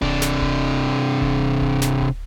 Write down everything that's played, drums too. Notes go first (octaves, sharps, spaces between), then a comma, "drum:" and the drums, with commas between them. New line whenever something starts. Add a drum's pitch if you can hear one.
C3 D4, drum: kick D1
drum: snare
drum: kick D1
drum: kick D1
drum: kick D1
drum: snare
drum: kick D1